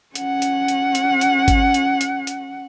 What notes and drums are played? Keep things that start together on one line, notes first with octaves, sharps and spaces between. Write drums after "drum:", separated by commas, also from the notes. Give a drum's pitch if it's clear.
C#4 F#5, drum: hi-hat
drum: hi-hat
drum: hi-hat
drum: hi-hat
drum: hi-hat
drum: kick G#1, hi-hat
drum: hi-hat
drum: hi-hat
drum: hi-hat